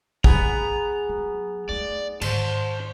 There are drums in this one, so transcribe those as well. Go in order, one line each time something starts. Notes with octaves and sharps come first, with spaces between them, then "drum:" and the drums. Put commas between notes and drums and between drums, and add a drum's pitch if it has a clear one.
B3 G#4 A#5, drum: kick
F#3
A3 D#4 D5
G#2 D#3 C5 A5, drum: cymbal